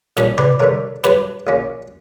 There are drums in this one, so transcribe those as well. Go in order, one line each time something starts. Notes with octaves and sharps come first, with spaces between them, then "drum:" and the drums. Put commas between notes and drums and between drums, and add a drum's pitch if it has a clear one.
A#1 A#2 G3 C#4, drum: snare
B4 D5, drum: tom C3
G2 D3 G3 A#4 C#5
G2 F#3 B3 G4 B4, drum: snare
A#1 A#2 A#3 C#4